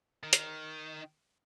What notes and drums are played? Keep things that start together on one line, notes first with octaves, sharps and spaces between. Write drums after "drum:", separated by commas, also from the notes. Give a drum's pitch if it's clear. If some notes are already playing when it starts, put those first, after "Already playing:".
D#3
drum: hi-hat